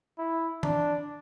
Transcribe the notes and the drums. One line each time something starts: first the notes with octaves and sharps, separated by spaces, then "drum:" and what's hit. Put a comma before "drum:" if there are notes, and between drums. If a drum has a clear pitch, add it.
E4
D4, drum: tom E3